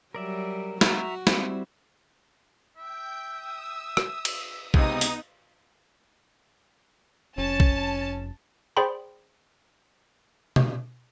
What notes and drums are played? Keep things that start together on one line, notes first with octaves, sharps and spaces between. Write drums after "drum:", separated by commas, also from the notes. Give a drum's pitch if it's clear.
F#3 G3 A#4 D5 E5
F#4 E5 A#5 C#6, drum: snare
G3 C4 E4, drum: snare
E5 G5 G6
D#6 E6
drum: rim click
drum: cymbal
C#2 C3 B3 D#4 D#6, drum: kick A#1
drum: open hi-hat
F1 C#4 A5
drum: kick A#1
G#4 C5 D5 G5 B5 C6
drum: tom